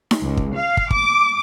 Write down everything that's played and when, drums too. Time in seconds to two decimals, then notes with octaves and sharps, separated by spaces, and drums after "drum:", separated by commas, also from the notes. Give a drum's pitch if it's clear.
0.11 drum: snare D#4
0.23 C#2
0.37 drum: kick
0.54 F5
0.77 drum: kick
0.91 D6, drum: kick